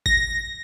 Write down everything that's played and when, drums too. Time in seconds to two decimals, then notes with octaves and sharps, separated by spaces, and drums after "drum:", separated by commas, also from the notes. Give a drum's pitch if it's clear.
0.06 A#6, drum: kick